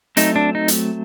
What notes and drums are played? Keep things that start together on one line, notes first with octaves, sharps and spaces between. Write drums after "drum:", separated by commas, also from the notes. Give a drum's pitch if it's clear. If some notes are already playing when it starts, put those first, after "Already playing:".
F#3 A3 C4 D#4, drum: hi-hat
D4
D#4
drum: hi-hat